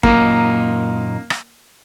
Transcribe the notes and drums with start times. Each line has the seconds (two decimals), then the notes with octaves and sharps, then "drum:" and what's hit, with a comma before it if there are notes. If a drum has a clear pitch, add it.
0.03 F#2 A#2 A#3 D#4, drum: kick
1.30 drum: rim click